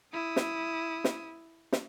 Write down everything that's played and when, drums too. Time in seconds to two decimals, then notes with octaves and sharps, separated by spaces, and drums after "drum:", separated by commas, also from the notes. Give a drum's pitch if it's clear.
0.14 E4 D#6
0.36 drum: snare
1.04 drum: snare
1.72 drum: snare